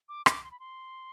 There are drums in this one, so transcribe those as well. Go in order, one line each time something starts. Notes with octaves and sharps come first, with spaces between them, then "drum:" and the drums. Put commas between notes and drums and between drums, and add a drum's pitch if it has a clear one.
D6
D6, drum: rim click
C6
B5
C6